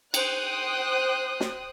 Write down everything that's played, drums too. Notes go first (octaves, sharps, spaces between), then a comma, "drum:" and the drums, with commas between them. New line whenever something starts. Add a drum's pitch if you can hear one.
C5 G5 D#6 F#6, drum: cymbal
drum: snare